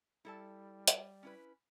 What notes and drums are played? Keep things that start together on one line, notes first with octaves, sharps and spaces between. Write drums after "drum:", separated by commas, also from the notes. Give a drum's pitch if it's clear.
G3 E4 A4 A5
drum: hi-hat
C#4 E4 B4